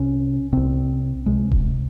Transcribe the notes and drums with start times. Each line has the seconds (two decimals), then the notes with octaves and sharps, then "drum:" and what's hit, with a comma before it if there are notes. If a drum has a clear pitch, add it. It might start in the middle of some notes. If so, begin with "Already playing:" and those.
Already playing: C2 C3 C#4
0.53 C2 C3 C4
1.26 C#2 C3 G#3
1.52 drum: kick D#1